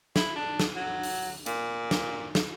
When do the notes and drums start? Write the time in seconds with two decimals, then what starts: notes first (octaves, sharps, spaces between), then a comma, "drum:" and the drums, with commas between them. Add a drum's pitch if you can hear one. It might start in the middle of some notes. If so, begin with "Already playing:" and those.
0.16 E4, drum: snare
0.36 D4
0.60 drum: snare
0.76 F#3
1.03 drum: open hi-hat
1.46 A#2, drum: hi-hat
1.91 drum: snare
2.35 drum: snare